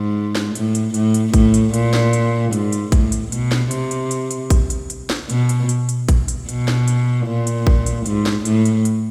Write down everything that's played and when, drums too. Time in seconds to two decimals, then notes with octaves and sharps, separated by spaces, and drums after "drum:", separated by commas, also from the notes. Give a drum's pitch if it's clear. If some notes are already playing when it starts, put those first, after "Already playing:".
Already playing: G#2
0.35 drum: snare
0.55 A2, drum: hi-hat
0.75 drum: hi-hat
0.94 A2, drum: hi-hat
1.14 drum: hi-hat
1.34 A2, drum: kick A1, hi-hat
1.54 drum: hi-hat
1.74 A#2, drum: hi-hat
1.93 drum: snare
2.13 drum: hi-hat
2.53 G#2, drum: hi-hat
2.73 drum: hi-hat
2.92 A2, drum: kick A1, hi-hat
3.12 drum: hi-hat
3.32 B2, drum: hi-hat
3.52 drum: snare
3.71 C3, drum: hi-hat
3.91 drum: hi-hat
4.11 drum: hi-hat
4.31 drum: hi-hat
4.50 drum: kick A1, hi-hat
4.70 drum: hi-hat
4.90 drum: hi-hat
5.10 drum: snare
5.30 B2, drum: hi-hat
5.49 drum: hi-hat
5.69 drum: hi-hat
5.89 drum: hi-hat
6.09 drum: kick A1, hi-hat
6.28 drum: hi-hat
6.49 B2, drum: hi-hat
6.68 drum: snare
6.88 drum: hi-hat
7.27 A#2
7.47 drum: hi-hat
7.67 drum: kick A1
7.86 drum: hi-hat
8.06 G#2, drum: hi-hat
8.26 drum: snare
8.45 A2, drum: hi-hat
8.65 drum: hi-hat
8.85 drum: hi-hat